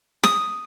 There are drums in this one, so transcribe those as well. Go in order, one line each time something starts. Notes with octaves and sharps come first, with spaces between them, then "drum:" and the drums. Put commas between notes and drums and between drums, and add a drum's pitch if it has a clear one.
D#6, drum: snare